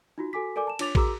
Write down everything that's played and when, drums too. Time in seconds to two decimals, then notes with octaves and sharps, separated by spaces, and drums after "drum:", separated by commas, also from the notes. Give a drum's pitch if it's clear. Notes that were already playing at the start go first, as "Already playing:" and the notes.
0.18 D#4 F4 F#4
0.33 F#4 A4 G#5 D6 B6
0.56 A4 A#4 D5 G#5 D6
0.67 A5 E7
0.79 D4 F4 C#5 D6 A6 F7, drum: cymbal
0.95 F#4 G#4 A#4 A#5 D6 E6, drum: kick A1